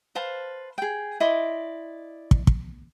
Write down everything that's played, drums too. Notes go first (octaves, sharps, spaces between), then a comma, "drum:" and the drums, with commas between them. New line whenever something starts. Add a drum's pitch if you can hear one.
B4 C5 F5 A5
G#4 G5
E4 D5 D#5 C6
drum: kick
drum: kick